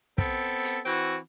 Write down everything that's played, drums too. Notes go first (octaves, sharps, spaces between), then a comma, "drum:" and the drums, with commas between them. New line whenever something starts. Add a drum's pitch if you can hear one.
B3 C4 A4, drum: kick
drum: hi-hat
E3 C4 F#4